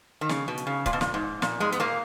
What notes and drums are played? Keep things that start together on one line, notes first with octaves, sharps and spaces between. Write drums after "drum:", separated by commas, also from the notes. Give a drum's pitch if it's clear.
D#3
C#3, drum: snare
B2
drum: hi-hat
C#3
A#2, drum: kick C#1, hi-hat
B2
A#2, drum: snare
G#2
A#2, drum: snare
G#2 G#3
B3, drum: hi-hat
A#2 A#3